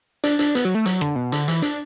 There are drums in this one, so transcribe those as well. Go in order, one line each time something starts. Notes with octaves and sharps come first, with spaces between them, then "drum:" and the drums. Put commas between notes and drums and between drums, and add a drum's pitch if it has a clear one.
D4, drum: hi-hat
D4, drum: hi-hat
B3, drum: hi-hat
F#3
A3
F#3, drum: hi-hat
D3, drum: rim click
B2
D3, drum: hi-hat
E3, drum: hi-hat
D4, drum: hi-hat